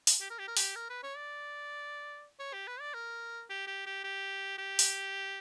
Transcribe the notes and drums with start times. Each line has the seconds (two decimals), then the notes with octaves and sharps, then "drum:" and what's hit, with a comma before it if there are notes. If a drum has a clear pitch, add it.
0.07 drum: open hi-hat
0.21 G4
0.30 A#4
0.39 G4
0.48 A#4
0.57 G4, drum: open hi-hat
0.76 A#4
0.89 B4
1.03 C#5
1.17 D5
2.39 C#5
2.53 G4
2.67 B4
2.80 D5
2.94 A#4
3.49 G4
3.67 G4
3.86 G4
4.04 G4
4.58 G4
4.79 drum: open hi-hat